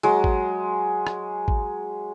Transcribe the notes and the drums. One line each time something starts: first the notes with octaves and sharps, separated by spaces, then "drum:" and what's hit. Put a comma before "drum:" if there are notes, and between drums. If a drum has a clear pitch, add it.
F#3 G#3
drum: kick G#1
drum: rim click
drum: kick G#1